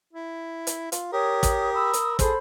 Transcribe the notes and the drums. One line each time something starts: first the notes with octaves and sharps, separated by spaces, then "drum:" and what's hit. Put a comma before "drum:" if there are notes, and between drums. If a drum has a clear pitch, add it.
E4
drum: hi-hat
F4, drum: hi-hat
G4 A#4 C#5 D#6
drum: kick, hi-hat
B5 D#6 E6
drum: hi-hat
G#4 A4 C5 B5, drum: kick, hi-hat